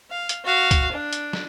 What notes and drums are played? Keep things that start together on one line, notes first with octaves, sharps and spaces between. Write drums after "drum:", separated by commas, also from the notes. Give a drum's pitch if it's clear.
F5
drum: hi-hat
F#4 F5
drum: kick, hi-hat
D4
drum: hi-hat
drum: snare